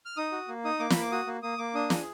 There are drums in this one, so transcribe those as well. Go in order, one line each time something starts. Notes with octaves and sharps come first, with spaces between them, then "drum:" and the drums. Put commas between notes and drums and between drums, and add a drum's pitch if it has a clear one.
F6
D#4 D#6
F#4
A#3
D#4 D#6
A#3 D6
B5, drum: snare
A#3 D6
F#4 D#6
A#3
A#3 D#6
A#3 D6
D4 D#6
G#4, drum: snare